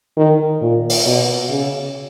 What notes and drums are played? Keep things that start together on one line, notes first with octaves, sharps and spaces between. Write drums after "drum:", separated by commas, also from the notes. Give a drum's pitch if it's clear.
D#3
A#2
drum: open hi-hat
B2
C#3